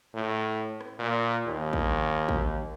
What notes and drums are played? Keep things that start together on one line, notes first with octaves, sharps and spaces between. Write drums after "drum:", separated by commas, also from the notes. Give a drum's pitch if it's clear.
A2
drum: rim click
A#2
D#2
drum: kick
drum: kick